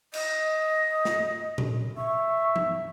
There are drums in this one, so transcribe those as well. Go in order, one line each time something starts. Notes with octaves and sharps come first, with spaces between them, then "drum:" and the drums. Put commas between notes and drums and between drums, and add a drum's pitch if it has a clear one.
D#5, drum: cymbal
drum: snare
drum: tom A#2
E5 C#6
drum: tom F3